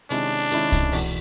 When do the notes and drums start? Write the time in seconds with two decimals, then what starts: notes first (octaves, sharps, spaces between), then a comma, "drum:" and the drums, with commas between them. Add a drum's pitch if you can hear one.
0.10 C3 D#3 G#3 C#4 D4 E4, drum: hi-hat
0.51 C3 D#3 G#3 C#4 E4, drum: hi-hat
0.72 drum: kick C2, hi-hat
0.92 F1 E2 B2, drum: open hi-hat